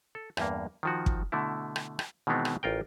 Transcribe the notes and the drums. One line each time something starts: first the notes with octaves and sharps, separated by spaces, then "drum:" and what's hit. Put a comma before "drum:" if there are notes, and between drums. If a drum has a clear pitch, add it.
A4
E2 G2 A#3, drum: rim click
D#3 F3 F#4
drum: kick
B2 D3 A3 E4
drum: rim click
drum: rim click
B2 D#3 E3 G#3 B3 C4
drum: rim click
A1 F4 A#4 G5